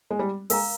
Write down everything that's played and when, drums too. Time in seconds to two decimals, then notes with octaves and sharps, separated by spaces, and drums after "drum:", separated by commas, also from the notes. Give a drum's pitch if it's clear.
0.11 G#3
0.19 G3
0.50 G#3 A#4 F5 A#5, drum: open hi-hat